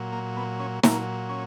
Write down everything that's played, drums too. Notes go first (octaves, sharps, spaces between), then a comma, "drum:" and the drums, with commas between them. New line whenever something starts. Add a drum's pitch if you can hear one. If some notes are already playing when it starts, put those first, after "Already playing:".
Already playing: A#2 F#3
A#3
B3
C#4
A#2 F#3 A#3, drum: snare
C#4